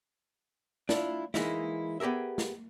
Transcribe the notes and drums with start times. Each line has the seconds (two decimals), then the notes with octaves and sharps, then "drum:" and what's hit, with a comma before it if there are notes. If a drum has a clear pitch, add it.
0.89 D4 E4 F4, drum: snare
1.34 E3 G#3 A#3 D#4 E4, drum: snare
2.00 B3 G4 G#4 A#4 E5
2.38 drum: snare